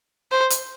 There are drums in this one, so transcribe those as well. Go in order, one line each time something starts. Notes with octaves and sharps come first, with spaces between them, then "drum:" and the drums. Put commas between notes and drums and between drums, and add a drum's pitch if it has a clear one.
C5
drum: hi-hat